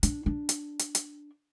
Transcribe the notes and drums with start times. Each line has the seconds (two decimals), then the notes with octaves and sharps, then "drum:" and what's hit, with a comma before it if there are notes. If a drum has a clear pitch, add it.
0.03 D4, drum: hi-hat
0.26 D4
0.49 drum: hi-hat
0.79 drum: hi-hat
0.95 drum: hi-hat